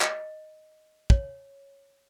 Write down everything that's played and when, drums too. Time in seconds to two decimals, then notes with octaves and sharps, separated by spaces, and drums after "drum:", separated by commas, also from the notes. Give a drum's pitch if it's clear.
0.01 D#5, drum: clap
1.10 C#5, drum: kick